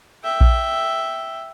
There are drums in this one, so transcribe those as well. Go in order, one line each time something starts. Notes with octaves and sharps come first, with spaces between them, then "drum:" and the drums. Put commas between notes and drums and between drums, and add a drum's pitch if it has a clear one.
E5 G5
drum: kick A#1